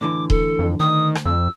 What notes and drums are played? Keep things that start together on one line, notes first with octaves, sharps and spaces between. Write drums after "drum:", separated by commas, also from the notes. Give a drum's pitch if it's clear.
A2 D3 E3 D6
A4, drum: kick D#1
F2
D2 D#3 D#6
drum: rim click
F2 E6